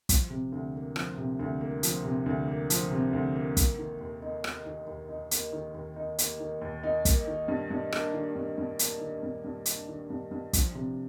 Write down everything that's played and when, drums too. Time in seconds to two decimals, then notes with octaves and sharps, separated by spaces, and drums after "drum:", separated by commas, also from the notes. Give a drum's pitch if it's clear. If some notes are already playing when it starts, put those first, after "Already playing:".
0.09 F3, drum: kick, hi-hat
0.30 C3
0.52 D2
0.75 A#3
0.96 F3, drum: rim click
1.18 C3
1.39 D2
1.61 A#3
1.83 F3, drum: hi-hat
2.04 C3
2.26 D2
2.48 A#3
2.70 F3, drum: hi-hat
2.91 C3
3.13 D2
3.36 A#3
3.57 A#3, drum: kick, hi-hat
3.78 D#3
4.00 D#2
4.22 D#4
4.44 A#3, drum: rim click
4.65 D#3
4.87 D#2
5.09 D#4
5.31 A#3, drum: hi-hat
5.52 D#3
5.74 D#2
5.96 D#4
6.18 A#3, drum: hi-hat
6.40 D#3
6.61 D#2
6.83 D#4
7.05 A#3, drum: kick, hi-hat
7.27 D#3
7.48 G2
7.70 G2
7.92 A#3, drum: rim click
8.14 D#3
8.35 G2
8.58 G2
8.79 A#3, drum: hi-hat
9.01 D#3
9.23 G2
9.44 G2
9.66 A#3, drum: hi-hat
9.88 D#3
10.10 G2
10.31 G2
10.53 F3, drum: kick, hi-hat
10.75 C3